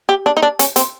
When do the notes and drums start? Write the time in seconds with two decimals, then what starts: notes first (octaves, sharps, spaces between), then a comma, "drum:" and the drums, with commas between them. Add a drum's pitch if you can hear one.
0.09 G4
0.26 D4
0.37 D#4
0.42 D4
0.59 C#4, drum: hi-hat
0.76 C4, drum: hi-hat